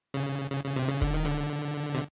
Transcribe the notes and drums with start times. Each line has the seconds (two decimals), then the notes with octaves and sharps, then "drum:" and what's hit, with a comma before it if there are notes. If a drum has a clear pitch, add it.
0.14 C#3
0.51 C#3
0.64 C#3
0.76 C3
0.88 C#3
1.01 D3, drum: kick
1.14 D#3
1.25 D3
1.94 C3